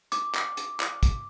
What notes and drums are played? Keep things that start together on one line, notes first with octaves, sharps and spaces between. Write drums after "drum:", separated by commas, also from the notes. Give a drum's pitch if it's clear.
D6, drum: hi-hat
drum: clap
drum: hi-hat
drum: clap
drum: kick, hi-hat